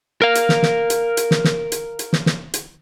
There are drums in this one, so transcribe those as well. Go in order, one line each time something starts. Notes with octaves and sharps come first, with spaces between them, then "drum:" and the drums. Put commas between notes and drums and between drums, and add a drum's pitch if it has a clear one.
A#4 F5
drum: hi-hat
drum: snare
drum: snare
drum: hi-hat
drum: hi-hat
drum: snare
drum: snare
drum: hi-hat
drum: hi-hat
drum: snare
drum: snare
drum: hi-hat